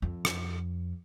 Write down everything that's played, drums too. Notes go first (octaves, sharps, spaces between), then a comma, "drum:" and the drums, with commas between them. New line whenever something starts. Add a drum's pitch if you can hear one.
F2
drum: rim click